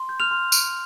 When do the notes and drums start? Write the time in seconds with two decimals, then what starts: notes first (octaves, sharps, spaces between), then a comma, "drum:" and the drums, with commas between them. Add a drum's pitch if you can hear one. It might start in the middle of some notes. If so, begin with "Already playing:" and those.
Already playing: C6
0.09 G6
0.20 F6 F7
0.31 C6
0.52 drum: tambourine